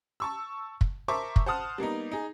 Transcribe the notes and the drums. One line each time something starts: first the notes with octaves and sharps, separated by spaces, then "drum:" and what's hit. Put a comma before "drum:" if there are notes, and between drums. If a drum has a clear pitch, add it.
A5 C#6 E6
drum: kick
A#4 C5 E5 A5 C#6 D6
drum: kick
C5 F#5 A5 D#6 F6
G3 A#3 B3 D#4
D#4 G#4